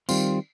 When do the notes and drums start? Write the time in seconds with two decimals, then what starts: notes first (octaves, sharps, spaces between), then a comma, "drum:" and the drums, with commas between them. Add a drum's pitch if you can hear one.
0.09 D#3 G3 C4 F4, drum: tambourine